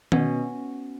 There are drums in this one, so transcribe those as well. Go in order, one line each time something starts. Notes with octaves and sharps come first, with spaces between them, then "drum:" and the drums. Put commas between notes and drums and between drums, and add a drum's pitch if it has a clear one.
B2 C#4, drum: tom D#3